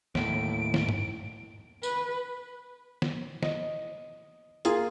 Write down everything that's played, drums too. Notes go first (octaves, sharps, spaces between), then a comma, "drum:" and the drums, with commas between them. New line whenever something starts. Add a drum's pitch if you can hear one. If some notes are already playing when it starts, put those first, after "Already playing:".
D#2 A2 D7, drum: snare
drum: snare
drum: tom G2
B4, drum: tambourine
drum: snare
D#5, drum: snare
A#3 F4 G#4, drum: hi-hat